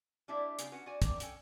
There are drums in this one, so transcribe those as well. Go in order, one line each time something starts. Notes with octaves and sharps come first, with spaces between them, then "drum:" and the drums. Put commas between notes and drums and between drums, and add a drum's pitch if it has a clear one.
G3 A#3 D4 E4 D5 E5
C#3 G3 A#3 C4 F4 G4, drum: hi-hat
C#4 F#4 B4 F#5
F#4 D5 G#5
C3 G3 D4 A#4, drum: kick, hi-hat
C#4 A4 G5, drum: hi-hat